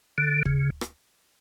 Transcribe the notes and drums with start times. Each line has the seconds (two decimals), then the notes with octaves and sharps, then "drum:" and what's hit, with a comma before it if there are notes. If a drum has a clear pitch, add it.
0.18 D3
0.45 C#3, drum: kick
0.81 drum: rim click